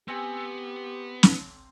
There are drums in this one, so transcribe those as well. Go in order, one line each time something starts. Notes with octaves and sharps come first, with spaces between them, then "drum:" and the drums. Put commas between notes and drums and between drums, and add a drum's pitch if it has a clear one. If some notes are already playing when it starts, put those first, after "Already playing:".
B3 C4 G4 G#5
drum: snare